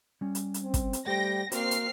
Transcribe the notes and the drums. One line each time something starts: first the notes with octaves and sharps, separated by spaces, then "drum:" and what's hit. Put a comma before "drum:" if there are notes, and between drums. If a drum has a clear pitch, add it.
G3 C#4
drum: hi-hat
drum: hi-hat
C4
drum: kick, hi-hat
drum: hi-hat
G3 A3 G4 C5 G5 A#6
A#3 C4 F#4 C5 D5 F6 C7, drum: hi-hat
drum: hi-hat